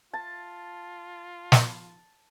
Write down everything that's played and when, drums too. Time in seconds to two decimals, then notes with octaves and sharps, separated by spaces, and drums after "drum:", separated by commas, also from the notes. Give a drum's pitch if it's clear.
0.13 F4 A5
1.52 drum: snare